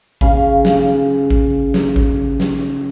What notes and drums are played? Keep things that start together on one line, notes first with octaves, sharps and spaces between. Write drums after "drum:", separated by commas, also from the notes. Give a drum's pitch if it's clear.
C#3 F5, drum: kick A1
drum: snare
drum: kick A1
drum: snare
drum: kick A1
drum: snare